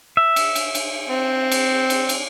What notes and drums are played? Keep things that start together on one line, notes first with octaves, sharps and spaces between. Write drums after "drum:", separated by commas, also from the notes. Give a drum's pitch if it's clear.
E5
drum: cymbal
drum: cymbal
drum: cymbal
C4
drum: cymbal
drum: cymbal
drum: cymbal